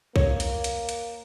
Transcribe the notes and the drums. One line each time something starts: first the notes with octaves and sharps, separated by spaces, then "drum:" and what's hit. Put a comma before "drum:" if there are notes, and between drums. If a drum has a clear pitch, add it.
A#3 C#5, drum: kick
drum: hi-hat
drum: hi-hat
drum: hi-hat